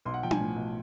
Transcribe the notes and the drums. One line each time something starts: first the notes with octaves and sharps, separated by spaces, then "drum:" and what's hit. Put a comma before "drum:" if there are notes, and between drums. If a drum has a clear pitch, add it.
B1 C6
F#5
F3 G5
G#5, drum: tom D4
A2
B1